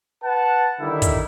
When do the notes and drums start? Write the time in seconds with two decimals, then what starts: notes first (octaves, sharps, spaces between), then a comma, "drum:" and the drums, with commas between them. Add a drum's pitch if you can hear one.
0.24 B4 F#5 A5
0.80 D3 D#3 G3 D#4 E4
1.02 drum: kick, hi-hat